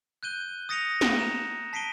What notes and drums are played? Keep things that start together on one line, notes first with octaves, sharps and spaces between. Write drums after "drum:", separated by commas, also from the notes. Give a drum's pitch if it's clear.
F#6 G6 D#7 G7
D#6 A6 A#6 C#7 D#7 F7
drum: snare
A#5 E7
A5 B6 C7 D7 D#7 G7